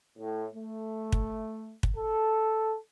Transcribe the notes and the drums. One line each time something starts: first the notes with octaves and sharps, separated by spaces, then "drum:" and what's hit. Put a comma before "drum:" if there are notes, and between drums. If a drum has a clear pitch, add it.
A2
A3
drum: kick
drum: kick
A4